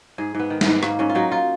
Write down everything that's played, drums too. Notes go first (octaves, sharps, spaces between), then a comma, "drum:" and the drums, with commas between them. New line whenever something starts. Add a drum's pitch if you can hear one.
G#2 G#4
G#2 B3
D#3
B3, drum: snare
G#2
G#2 A#3, drum: rim click
G#2 C#4
F4
F#3 D#4
F4